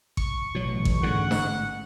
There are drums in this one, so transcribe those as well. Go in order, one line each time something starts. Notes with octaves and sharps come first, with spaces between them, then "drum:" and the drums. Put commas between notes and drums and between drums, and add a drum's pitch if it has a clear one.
C#6, drum: kick A1
A1 B2 F#3
drum: kick A1
G#2 D3 F#5
drum: snare